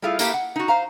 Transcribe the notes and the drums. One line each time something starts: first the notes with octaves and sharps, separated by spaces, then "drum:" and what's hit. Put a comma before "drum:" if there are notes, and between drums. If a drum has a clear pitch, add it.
G3 A3 E4 F4 G#4 A4
A3 A#3 E4 G4, drum: tambourine
F#5
D#4 F#4
C5 F5 A#5